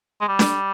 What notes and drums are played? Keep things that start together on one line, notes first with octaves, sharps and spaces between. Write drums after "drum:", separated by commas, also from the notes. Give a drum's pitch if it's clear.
G#3
G3
drum: snare D4